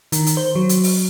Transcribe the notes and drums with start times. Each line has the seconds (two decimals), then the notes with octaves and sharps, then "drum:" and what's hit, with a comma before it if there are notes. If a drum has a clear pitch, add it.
0.12 D#3, drum: hi-hat
0.27 drum: hi-hat
0.37 C5
0.55 F#3
0.69 drum: hi-hat
0.84 drum: open hi-hat